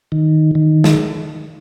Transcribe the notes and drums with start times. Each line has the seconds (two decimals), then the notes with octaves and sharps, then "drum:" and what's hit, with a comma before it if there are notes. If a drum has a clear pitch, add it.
0.12 D#3
0.55 D#3
0.84 drum: snare